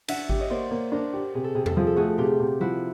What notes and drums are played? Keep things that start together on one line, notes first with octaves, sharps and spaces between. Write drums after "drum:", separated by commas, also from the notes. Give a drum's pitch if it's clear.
D4 E5 F#5, drum: cymbal
G4, drum: kick G#1
C#5 D#5
A#3 C5 D5
A#3
D4 A#4 C5
G4
C3 G#4
A4
C3 G#4
A4, drum: tom E2
F3 G#4
A4
A3 F#4 G#4
C3 F4 G4
C3
F3 E4 F#4